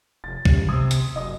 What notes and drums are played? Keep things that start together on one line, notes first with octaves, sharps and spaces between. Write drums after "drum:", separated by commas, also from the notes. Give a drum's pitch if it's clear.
F1 A6
G1 G2 C#3 G3, drum: kick
C3 D#6 E6 G#6
drum: hi-hat
F#1 D#5 D#6